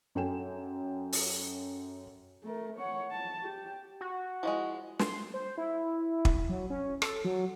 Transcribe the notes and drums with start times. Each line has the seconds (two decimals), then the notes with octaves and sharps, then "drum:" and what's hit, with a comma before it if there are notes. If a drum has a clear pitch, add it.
0.15 F#2 F#4 A4 G5 G#5 E7
1.12 drum: open hi-hat
2.43 A3 A#4
2.77 C#5 F#5
3.11 A5
3.43 G4
4.01 F#4
4.43 F3 G3 G#3 E4 D#5 C#6
4.99 C6, drum: snare
5.34 C5
5.58 E4
6.25 drum: kick
6.49 F#3
6.70 C#4
7.02 A4, drum: rim click
7.25 F#3